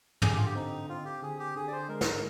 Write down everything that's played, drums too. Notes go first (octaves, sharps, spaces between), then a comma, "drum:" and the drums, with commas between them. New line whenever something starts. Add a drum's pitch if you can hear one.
D3 G#4, drum: tom
G4
F4
G4
C4 D#4
C4 F4
G4
D3 G#4
G4
D3 G#4
D5
C5
G#3 A#4
C5, drum: snare
A#4